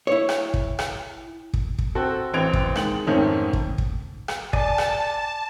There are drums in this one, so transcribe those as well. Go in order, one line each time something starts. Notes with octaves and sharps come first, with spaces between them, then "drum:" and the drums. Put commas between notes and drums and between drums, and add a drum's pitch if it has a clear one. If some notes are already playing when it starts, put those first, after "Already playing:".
E4 C#5
drum: rim click
drum: kick
drum: rim click
drum: kick
drum: kick
C4 F#4 A4
A1 E3 C4 G#6 D7 F7
drum: kick
D#3 G#3 F#7, drum: rim click
F2 G#2 D#3 A3 C4 C#4
drum: kick
drum: kick
drum: rim click
D5 G#5 A5 D6, drum: kick
drum: rim click